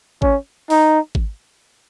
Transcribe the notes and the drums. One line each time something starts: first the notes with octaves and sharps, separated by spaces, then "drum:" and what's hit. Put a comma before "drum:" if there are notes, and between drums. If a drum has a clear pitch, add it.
C#4, drum: kick G#1
D#4, drum: open hi-hat
drum: kick G#1